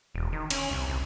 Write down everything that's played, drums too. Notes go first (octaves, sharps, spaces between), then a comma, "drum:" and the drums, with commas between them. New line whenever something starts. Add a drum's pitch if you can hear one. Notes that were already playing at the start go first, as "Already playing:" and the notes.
E1
D#3
C#4, drum: cymbal
C2
C2